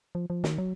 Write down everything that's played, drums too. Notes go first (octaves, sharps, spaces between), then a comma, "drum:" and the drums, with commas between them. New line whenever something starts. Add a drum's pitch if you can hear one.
F3
F3
D#3, drum: snare
F#3